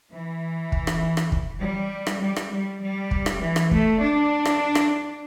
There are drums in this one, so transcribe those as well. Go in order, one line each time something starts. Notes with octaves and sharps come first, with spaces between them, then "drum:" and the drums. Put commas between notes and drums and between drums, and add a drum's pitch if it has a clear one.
E3
drum: kick
drum: rim click
drum: rim click
drum: kick
G3
drum: rim click
G3
drum: rim click
G3
G3
drum: kick
drum: rim click
E3
drum: rim click
A3, drum: kick
D4
drum: rim click
drum: rim click